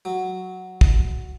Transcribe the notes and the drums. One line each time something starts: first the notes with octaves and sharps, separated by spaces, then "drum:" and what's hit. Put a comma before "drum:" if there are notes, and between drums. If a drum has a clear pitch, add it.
F#3
drum: kick